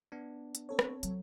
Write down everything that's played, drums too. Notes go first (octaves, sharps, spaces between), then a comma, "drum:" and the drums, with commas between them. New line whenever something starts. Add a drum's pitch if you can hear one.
B3 D4
drum: hi-hat
C4 A4 C#5
drum: rim click
F#3, drum: hi-hat